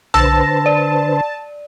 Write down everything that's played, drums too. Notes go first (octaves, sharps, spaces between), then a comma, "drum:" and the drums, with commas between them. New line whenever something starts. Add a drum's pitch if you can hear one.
D3 B4 C5 A5 E6 A#6, drum: tom B1
D5